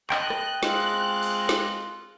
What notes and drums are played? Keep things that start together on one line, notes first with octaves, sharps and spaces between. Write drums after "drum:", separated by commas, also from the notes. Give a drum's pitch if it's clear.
D#5 G5 A5 F#6, drum: clap
drum: rim click
G#3 C4 F4 F#6, drum: snare
drum: open hi-hat
drum: snare